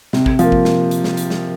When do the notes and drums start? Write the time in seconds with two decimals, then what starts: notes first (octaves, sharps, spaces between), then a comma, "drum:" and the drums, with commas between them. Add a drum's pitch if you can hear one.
0.13 C3, drum: snare
0.26 drum: kick G#1
0.39 F3 A#3, drum: hi-hat
0.52 drum: kick G#1
0.65 drum: snare
0.91 drum: hi-hat
1.04 drum: snare
1.17 drum: hi-hat
1.30 drum: snare